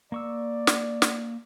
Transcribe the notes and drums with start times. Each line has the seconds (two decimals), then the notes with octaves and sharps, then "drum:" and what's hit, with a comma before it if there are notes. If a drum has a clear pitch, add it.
0.12 A#3 D5 C#6 E6
0.67 drum: snare
1.02 drum: snare